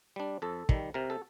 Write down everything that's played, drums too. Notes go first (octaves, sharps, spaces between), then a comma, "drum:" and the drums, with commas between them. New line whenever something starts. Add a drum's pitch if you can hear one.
G3 D4
F2 A4
D#3 G3, drum: kick
C3 A#4
A4